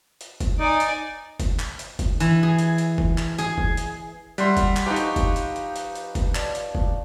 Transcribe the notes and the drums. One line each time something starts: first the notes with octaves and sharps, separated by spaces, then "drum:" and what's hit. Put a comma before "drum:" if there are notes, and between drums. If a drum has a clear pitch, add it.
drum: hi-hat
drum: kick F1, hi-hat
D#4 D5 G#5
drum: hi-hat
drum: kick F1, hi-hat
drum: clap
drum: hi-hat
drum: kick F1, hi-hat
E3, drum: hi-hat
G#4
drum: hi-hat
drum: hi-hat
drum: kick F1
drum: clap
G#4, drum: hi-hat
drum: kick F1
drum: hi-hat
G3 E5 F#5 C6, drum: hi-hat
drum: kick F1, hi-hat
drum: clap
F3 D#4 G4 B4 C#6
drum: hi-hat
drum: kick F1, hi-hat
drum: hi-hat
drum: hi-hat
drum: hi-hat
drum: hi-hat
drum: kick F1, hi-hat
D5 A5, drum: clap
drum: hi-hat
drum: kick F1